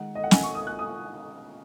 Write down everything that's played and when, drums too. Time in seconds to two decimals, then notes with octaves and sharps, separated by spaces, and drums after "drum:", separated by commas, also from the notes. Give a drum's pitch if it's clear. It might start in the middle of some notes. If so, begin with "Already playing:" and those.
Already playing: D#3 G#3 D#4 F#5
0.15 D#5
0.24 F#5
0.31 G#5, drum: snare
0.43 C#6
0.55 D#6
0.67 F#6
0.79 D#6